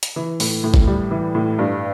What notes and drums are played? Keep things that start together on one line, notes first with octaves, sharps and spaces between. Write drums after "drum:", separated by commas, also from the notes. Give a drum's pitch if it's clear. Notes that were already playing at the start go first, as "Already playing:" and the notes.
drum: hi-hat
E3
A2, drum: open hi-hat
A2
drum: kick G#1
G3
E3
A2
G2